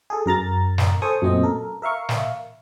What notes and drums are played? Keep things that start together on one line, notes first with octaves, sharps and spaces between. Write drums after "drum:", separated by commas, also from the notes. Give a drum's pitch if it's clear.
G#4 A4
F#2 A#4 A#5 A6
drum: snare
A4 C5 G#5 C#6 D#6
F#2 A#2 A3 C4 C5 D#5
A4 A#4
A#4 E5 F5 C#6
drum: snare